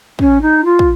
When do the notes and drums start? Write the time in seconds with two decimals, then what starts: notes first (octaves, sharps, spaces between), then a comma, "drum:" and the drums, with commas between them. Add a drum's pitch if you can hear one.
0.19 C#4, drum: kick
0.41 D#4
0.64 F4
0.79 drum: kick